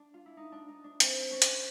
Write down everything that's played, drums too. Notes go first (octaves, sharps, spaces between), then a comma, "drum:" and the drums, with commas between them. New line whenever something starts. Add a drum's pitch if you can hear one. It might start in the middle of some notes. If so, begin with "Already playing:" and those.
Already playing: D4
F4
E4
D#4
D4
D#4
D4
C4, drum: hi-hat
C#4
drum: hi-hat